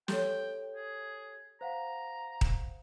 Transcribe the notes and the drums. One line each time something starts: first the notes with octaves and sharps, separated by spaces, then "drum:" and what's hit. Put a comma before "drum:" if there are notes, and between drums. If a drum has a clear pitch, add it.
G4 A4 C#5 G5, drum: snare
G#4
C5 F5 F#5 A#5
drum: kick D#1